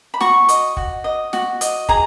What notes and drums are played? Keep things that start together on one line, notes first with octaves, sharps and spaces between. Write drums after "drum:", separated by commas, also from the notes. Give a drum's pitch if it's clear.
B5
F#4 C#6, drum: snare
D#5, drum: hi-hat
F#4, drum: kick
D#5
F#4, drum: snare
D#5, drum: hi-hat
G#4 A#5, drum: kick